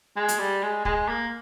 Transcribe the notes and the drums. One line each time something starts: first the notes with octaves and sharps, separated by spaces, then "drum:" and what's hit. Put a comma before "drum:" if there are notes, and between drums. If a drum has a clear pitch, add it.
G#3
drum: hi-hat
G3
G#3
G#3, drum: kick
A#3